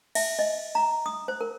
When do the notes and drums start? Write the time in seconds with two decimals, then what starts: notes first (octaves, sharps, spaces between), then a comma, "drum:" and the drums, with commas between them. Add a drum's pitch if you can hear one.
0.15 E5, drum: cymbal
0.39 D#5
0.75 A#5
1.06 D#6
1.28 C5
1.41 A#4